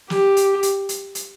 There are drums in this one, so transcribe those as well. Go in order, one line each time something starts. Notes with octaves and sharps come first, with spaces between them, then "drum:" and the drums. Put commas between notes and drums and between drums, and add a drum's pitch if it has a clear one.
G4, drum: snare
drum: hi-hat
drum: hi-hat
drum: hi-hat
drum: hi-hat